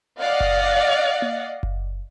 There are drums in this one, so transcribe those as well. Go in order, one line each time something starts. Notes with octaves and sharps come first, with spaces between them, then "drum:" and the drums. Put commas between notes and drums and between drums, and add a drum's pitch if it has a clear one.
D5 D#5 F5 F#5
drum: kick F#1
drum: tom A#3
drum: kick F#1